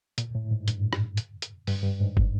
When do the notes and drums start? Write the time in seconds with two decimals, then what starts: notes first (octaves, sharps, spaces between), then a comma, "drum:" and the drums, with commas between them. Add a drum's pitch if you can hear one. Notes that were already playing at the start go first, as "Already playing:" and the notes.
0.18 A#2, drum: hi-hat
0.35 A2
0.51 G#2
0.68 G2, drum: hi-hat
0.93 drum: rim click
1.17 drum: hi-hat
1.42 drum: hi-hat
1.67 G2, drum: open hi-hat
1.83 G2
2.00 G#2
2.17 drum: kick